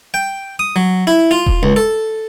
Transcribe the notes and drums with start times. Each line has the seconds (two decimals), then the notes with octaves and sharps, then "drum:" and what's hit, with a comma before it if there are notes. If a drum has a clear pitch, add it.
0.14 G5
0.59 D#6
0.76 F#3
1.07 E4
1.31 F4
1.46 drum: kick E1
1.63 C#2
1.76 A4